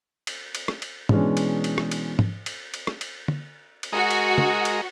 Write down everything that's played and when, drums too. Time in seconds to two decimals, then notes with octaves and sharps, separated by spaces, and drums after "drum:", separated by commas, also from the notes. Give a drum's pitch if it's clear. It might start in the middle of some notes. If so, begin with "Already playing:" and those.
0.27 drum: cymbal
0.55 drum: cymbal
0.68 drum: rim click
0.82 drum: cymbal
1.09 B2 E3 G#3 C#4 D4, drum: tom
1.37 drum: cymbal
1.64 drum: cymbal
1.78 drum: rim click
1.91 drum: cymbal
2.19 drum: tom
2.46 drum: cymbal
2.74 drum: cymbal
2.87 drum: rim click
3.01 drum: cymbal
3.28 drum: tom
3.83 drum: cymbal
3.93 G#3 F#4 A#4 D#5
4.11 drum: cymbal
4.38 drum: tom
4.65 drum: cymbal